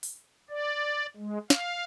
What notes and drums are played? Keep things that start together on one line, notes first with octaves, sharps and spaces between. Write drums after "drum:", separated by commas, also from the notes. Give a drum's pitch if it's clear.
drum: open hi-hat
D5
G#3
F5, drum: snare